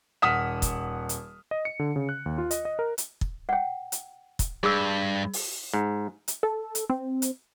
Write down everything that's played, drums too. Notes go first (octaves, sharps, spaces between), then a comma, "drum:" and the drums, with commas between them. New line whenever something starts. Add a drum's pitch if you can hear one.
D#1 F#5 D#6 F6 B6 E7
drum: kick, hi-hat
drum: hi-hat
D#5
C#7
D3
C#3
F#6
D#2
F4
D#5, drum: hi-hat
D#5
A#4
drum: hi-hat
drum: kick
F#5 G5
drum: hi-hat
drum: kick, hi-hat
G2 G#4 E6
drum: open hi-hat
G#2
drum: hi-hat
A4
drum: hi-hat
C4
drum: hi-hat